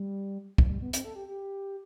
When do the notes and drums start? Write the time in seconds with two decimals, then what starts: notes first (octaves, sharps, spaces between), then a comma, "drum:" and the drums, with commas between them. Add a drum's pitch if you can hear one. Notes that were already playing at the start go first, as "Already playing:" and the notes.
Already playing: G3
0.58 F3, drum: kick
0.70 G3
0.82 B3
0.93 C4, drum: hi-hat
1.04 A4
1.15 G4
1.28 G4